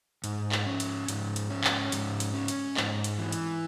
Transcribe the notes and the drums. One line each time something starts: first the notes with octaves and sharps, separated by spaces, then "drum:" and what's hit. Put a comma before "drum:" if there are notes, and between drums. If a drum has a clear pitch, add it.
G#2, drum: hi-hat
drum: clap
C#4
drum: hi-hat
G#2, drum: hi-hat
drum: hi-hat
C#4
drum: clap
G#2, drum: hi-hat
drum: hi-hat
C#4
drum: hi-hat
G#2, drum: clap
drum: hi-hat
E3
drum: hi-hat